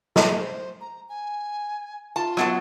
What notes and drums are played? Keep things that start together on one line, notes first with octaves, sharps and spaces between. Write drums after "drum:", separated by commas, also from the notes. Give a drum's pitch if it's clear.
G#4, drum: snare
C5
A#5
G#5
F4 A5
F#3 B3 A5, drum: rim click